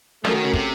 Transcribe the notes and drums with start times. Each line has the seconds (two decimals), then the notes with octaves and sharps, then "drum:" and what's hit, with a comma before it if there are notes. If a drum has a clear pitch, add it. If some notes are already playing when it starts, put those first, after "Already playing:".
0.25 F3 A3 C#4 F#4 A#4, drum: snare
0.35 D#3
0.44 C#3
0.53 C3, drum: kick